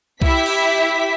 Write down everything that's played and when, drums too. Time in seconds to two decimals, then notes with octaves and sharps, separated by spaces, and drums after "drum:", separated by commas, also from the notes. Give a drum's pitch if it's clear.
0.22 E4 G4 E5 B6, drum: kick B1
0.46 drum: open hi-hat